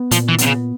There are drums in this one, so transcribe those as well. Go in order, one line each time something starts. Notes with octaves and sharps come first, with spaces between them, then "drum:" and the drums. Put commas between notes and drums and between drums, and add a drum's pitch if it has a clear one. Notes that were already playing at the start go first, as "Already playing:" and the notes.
Already playing: B3
A#2 F3, drum: hi-hat
E3
C3 B3, drum: hi-hat
C#3